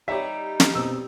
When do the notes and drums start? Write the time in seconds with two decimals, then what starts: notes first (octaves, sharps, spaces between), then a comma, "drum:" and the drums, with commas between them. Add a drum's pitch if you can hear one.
0.08 G3 D#4 G4 C#5 E5 B6
0.60 drum: snare
0.75 B2 C4 D#6 E6